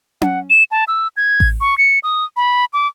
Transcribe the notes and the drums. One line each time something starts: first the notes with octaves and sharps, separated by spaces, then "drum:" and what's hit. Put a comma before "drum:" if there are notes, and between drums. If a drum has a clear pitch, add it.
F#5, drum: tom C#4
E7
A5
E6
G#6
drum: kick A1
C#6
C#7
D#6
B5
D6